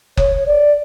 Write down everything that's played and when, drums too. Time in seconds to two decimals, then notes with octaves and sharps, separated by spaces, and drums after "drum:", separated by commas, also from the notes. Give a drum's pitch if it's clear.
0.17 C#5, drum: kick F#1
0.46 D5